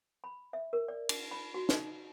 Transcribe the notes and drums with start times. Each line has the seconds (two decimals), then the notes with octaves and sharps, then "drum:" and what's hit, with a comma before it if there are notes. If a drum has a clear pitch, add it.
0.24 B5
0.53 E5
0.73 A#4
0.88 D5
1.09 drum: cymbal
1.31 B5
1.54 F#4
1.69 D#4, drum: snare